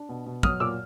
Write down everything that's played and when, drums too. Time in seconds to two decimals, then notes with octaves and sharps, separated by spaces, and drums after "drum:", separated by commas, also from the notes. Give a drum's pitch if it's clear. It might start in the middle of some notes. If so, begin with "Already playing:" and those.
Already playing: D4
0.09 B2
0.26 B2
0.43 F#3 D#6 F6, drum: kick
0.60 A#2 D6 E6